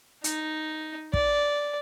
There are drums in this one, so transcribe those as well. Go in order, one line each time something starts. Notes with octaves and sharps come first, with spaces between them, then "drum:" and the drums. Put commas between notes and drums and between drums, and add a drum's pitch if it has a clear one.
D#4, drum: hi-hat
D5, drum: kick